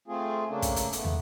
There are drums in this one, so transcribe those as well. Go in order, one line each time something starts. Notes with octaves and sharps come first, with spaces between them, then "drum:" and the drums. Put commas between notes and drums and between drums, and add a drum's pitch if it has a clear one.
A3 C4 F4 G#4
C#3 A3 A#3 D4
drum: kick, hi-hat
drum: hi-hat
A3 B3, drum: hi-hat
drum: tom